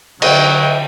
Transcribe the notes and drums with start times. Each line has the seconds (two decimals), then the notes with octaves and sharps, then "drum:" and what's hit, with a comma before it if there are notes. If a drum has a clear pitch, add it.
0.22 D3 F#3 D#5 E5 G5, drum: cymbal